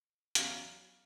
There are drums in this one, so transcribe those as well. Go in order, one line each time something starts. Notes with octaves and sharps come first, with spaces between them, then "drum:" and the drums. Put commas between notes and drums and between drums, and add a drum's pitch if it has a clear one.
E2 C#3 F#3 F5, drum: hi-hat